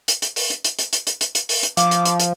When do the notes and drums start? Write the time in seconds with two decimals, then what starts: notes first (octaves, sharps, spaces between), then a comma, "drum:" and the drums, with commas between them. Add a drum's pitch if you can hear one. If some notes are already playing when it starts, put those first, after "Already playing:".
0.08 drum: hi-hat
0.22 drum: hi-hat
0.36 drum: open hi-hat
0.50 drum: hi-hat
0.64 drum: hi-hat
0.79 drum: hi-hat
0.93 drum: hi-hat
1.07 drum: hi-hat
1.21 drum: hi-hat
1.35 drum: hi-hat
1.49 drum: open hi-hat
1.63 drum: hi-hat
1.77 F3 F5 D6, drum: hi-hat
1.91 drum: hi-hat
2.05 drum: hi-hat
2.20 drum: hi-hat